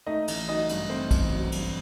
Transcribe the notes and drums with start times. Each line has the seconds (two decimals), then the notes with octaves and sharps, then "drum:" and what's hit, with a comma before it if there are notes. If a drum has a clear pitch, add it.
0.07 A3 D#4 D#5
0.28 A1, drum: cymbal
0.48 F#3 D#4 D#5
0.69 G2, drum: cymbal
0.89 A3 C4 C5
1.11 A1, drum: kick A#1, cymbal
1.32 F#3
1.52 G2, drum: cymbal